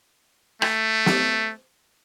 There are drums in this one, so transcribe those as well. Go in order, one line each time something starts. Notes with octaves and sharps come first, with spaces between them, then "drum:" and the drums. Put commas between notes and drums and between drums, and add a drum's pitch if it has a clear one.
A3, drum: rim click
drum: snare